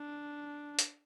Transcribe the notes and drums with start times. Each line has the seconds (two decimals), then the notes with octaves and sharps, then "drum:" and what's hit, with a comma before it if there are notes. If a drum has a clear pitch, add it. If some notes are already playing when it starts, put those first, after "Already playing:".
Already playing: D4
0.79 drum: hi-hat